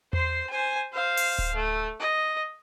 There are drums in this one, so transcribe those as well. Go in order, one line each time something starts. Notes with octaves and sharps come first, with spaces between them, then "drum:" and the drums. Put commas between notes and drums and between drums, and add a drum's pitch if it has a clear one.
C5 C6, drum: tom E2
C5 G#5
C5 F5
drum: open hi-hat
drum: kick D1
A3
D#5